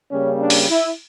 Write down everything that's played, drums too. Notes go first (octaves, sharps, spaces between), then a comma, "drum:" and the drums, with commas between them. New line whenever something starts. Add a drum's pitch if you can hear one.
C#3 G3 A#3 C#4
D4
drum: open hi-hat
E4